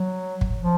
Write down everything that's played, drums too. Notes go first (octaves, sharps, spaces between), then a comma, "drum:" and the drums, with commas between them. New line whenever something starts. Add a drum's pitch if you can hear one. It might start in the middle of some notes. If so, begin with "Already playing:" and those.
Already playing: F#3
drum: kick
F3